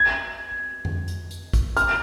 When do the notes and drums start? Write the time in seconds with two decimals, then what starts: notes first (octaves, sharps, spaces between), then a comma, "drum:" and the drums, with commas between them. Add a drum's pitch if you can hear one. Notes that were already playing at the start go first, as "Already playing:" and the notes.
Already playing: G#6
0.85 drum: tom F2
1.08 drum: hi-hat
1.31 drum: hi-hat
1.53 drum: kick, hi-hat
1.77 F6, drum: hi-hat